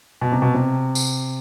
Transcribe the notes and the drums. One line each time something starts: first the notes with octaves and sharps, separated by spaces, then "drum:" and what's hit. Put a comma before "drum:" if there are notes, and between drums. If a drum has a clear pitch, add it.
B2
C3
B2
C3
drum: tambourine